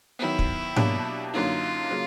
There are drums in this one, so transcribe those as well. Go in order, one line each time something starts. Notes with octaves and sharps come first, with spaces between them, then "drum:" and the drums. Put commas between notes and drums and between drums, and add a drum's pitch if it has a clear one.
D#3 F#3 B3 E4
drum: kick
B2 F#3 A#3 D4 G4, drum: tom G#2
F#2 D3 F#3 A#3 D#4 F4
C#3 F#3 A#3